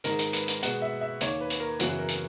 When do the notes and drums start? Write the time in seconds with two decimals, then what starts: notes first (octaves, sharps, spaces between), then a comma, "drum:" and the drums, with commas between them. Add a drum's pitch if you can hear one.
0.04 G#2 D#3 G#3 A#4, drum: hi-hat
0.19 drum: hi-hat
0.33 B4, drum: hi-hat
0.48 drum: hi-hat
0.62 B2 G#3 B3 F#5, drum: hi-hat
0.82 E5
1.01 E5
1.21 D#2 D#3 A#3 C#5, drum: hi-hat
1.41 B4
1.50 drum: hi-hat
1.60 A#4
1.79 F#2 C#3 E3 B3 F#4, drum: hi-hat
1.98 A#4
2.09 drum: hi-hat